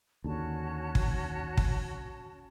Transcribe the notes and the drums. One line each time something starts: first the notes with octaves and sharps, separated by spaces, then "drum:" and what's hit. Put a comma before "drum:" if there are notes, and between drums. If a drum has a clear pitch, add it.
D#2 D3 C#4 F#4 A5
drum: kick
drum: kick